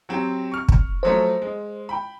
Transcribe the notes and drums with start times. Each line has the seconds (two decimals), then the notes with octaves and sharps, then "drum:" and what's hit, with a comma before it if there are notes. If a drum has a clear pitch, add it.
0.09 F#3 C4 G4
0.52 C#6 F6
0.68 drum: kick
1.03 F3 F#3 A3 C5
1.42 G#3
1.89 G5 B5